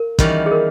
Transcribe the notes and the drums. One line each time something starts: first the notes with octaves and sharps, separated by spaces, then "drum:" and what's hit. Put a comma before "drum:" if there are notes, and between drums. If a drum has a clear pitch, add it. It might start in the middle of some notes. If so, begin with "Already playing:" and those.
Already playing: A#3 A#4
E2 D#3 G3 C#4, drum: kick, hi-hat
G#4
A#4